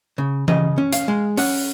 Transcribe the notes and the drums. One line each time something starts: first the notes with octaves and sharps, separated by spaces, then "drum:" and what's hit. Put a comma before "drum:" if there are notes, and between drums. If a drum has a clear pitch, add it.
C#3
C#3 D#5, drum: tom E3
C#4
F5, drum: hi-hat
G#3
C#4 F#5, drum: open hi-hat